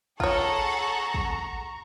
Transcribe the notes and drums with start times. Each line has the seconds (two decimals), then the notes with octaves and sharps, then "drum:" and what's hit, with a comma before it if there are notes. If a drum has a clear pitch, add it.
0.20 F4 G#4 A4 C#5 F#5 A#5 C#6, drum: kick
1.14 drum: kick